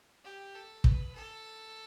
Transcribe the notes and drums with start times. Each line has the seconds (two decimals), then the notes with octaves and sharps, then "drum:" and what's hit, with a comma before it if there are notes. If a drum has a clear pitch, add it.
0.24 G4
0.55 A4
0.84 B4, drum: kick
1.15 A4